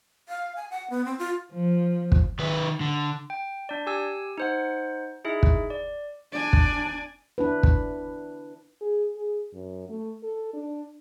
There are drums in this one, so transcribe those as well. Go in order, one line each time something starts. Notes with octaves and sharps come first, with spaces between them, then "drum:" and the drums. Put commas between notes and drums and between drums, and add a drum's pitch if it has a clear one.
F5
G#5
F#5
B3
C4
F4
F3
drum: kick
D#3 B4
D3
G5
D4 D5
G4 G#5 E6
D#4 C5 F#5
D#4 E4 G#4 E5
drum: kick
D5
D4 D5 G#5
drum: kick
D4 E4 B4
drum: kick
G#4
G#4
F#2
A3
A4
D4